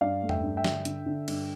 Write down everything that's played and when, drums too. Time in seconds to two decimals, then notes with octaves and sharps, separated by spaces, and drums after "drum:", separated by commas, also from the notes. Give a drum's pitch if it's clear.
0.01 G2 D5 F5
0.22 A3
0.29 E5 G5, drum: tom E2
0.43 G2
0.57 E5 G5
0.64 D3, drum: snare
0.85 D3, drum: hi-hat
1.06 D3
1.28 G2, drum: cymbal